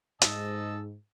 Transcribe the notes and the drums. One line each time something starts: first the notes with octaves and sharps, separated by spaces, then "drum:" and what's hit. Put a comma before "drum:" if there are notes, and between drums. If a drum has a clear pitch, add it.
G#2 D#5 A5 E6, drum: hi-hat